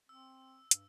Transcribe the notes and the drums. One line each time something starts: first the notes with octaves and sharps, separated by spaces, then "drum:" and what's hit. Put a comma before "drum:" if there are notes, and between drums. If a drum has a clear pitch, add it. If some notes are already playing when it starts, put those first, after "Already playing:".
C4 E6
G2, drum: hi-hat